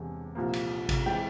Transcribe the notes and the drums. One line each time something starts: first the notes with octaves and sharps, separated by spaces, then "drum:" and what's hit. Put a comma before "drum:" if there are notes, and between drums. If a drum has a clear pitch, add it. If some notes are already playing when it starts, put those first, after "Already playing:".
Already playing: E1 E2 C3
C2 A#2 F3 A#3
drum: cymbal
drum: kick, cymbal
E3 G#3 C4 G5